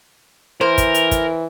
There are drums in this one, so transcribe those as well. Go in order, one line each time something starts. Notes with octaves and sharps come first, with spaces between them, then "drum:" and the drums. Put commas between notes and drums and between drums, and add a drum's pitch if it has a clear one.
E3 A#3 A#4 C5
drum: kick, hi-hat
drum: hi-hat
drum: kick, hi-hat